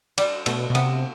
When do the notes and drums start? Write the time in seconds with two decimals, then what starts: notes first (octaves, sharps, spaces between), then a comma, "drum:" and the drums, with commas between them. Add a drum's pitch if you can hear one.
0.18 G3, drum: cymbal
0.46 B2 A3, drum: cymbal
0.70 B2
0.75 C3 B3, drum: cymbal